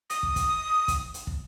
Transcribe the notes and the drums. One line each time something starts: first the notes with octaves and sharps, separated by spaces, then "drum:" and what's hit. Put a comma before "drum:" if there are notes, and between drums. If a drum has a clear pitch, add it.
D#6, drum: hi-hat
drum: kick
drum: kick, hi-hat
drum: kick, hi-hat
drum: hi-hat
drum: kick